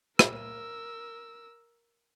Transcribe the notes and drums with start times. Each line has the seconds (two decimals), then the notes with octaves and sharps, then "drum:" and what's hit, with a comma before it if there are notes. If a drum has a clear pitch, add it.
0.19 A#4 E6, drum: rim click